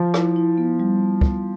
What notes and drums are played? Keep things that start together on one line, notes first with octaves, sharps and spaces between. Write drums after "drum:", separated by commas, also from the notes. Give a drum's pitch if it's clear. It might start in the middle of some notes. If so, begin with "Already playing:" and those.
Already playing: F3
E4, drum: rim click
E4
B3
G3
drum: kick